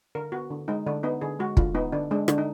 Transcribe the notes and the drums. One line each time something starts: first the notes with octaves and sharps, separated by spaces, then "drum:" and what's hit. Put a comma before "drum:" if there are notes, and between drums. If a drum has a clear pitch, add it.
D3 A#4
B3 F#4
D3
G#3 D#4
D3 D4
B3 D#4
D3 G#4
G#3 F#4
D3 F4, drum: kick
B3 D#4
D3 D4
G#3 D4
D3 D4, drum: rim click
D#4